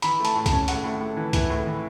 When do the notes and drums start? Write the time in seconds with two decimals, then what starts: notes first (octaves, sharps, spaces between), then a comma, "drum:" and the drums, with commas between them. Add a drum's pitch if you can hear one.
0.02 E3 B5, drum: hi-hat
0.20 A3
0.25 A5, drum: hi-hat
0.35 A2
0.46 A5, drum: kick C2, hi-hat
0.52 C#4
0.68 A2 F#5, drum: hi-hat
0.84 A2
1.01 A2
1.17 E3
1.33 E3, drum: kick C2, hi-hat
1.50 A2
1.66 E3